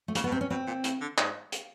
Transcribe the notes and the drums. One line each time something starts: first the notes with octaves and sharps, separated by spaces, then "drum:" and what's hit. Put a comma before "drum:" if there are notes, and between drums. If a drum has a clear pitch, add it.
A3
C#3 A#3, drum: hi-hat
B3
B2
C3 C4
C#4
B2 C4
A#2
A2, drum: hi-hat
D3
G#2, drum: clap
drum: hi-hat